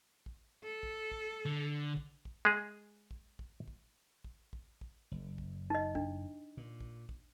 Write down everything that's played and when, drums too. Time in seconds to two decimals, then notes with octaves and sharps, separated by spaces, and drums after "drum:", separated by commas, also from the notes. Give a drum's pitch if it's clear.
0.26 drum: kick
0.64 A4
0.83 drum: kick
1.12 drum: kick
1.45 D3
1.97 drum: kick
2.25 drum: kick
2.45 G#3 G#4
3.11 drum: kick
3.39 drum: kick
3.68 drum: kick
4.24 drum: kick
4.53 drum: kick
4.81 drum: kick
5.11 F#1
5.38 drum: kick
5.70 D#4 D#5
5.95 D4, drum: kick
6.57 A#2
6.80 drum: kick
7.09 drum: kick